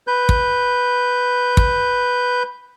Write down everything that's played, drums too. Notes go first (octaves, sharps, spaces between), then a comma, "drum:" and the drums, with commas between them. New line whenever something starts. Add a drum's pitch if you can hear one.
B4 G6
drum: kick
drum: kick